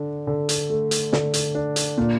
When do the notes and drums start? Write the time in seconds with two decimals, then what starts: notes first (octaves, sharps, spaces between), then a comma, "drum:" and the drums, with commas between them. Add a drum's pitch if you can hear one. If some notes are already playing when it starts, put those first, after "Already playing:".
Already playing: D3 D4
0.27 D3
0.49 drum: hi-hat
0.70 A3
0.91 drum: hi-hat
1.13 D3, drum: snare
1.34 drum: hi-hat
1.55 D4
1.76 drum: hi-hat
1.98 A#2